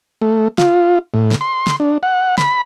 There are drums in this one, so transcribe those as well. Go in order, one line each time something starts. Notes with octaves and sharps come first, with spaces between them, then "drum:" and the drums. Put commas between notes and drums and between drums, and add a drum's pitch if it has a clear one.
A3
F4, drum: snare
A2
drum: snare
C6
drum: snare
D4
F#5
B5, drum: snare